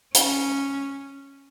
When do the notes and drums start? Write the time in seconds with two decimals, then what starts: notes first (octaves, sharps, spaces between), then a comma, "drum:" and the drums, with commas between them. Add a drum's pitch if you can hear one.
0.15 C#4, drum: hi-hat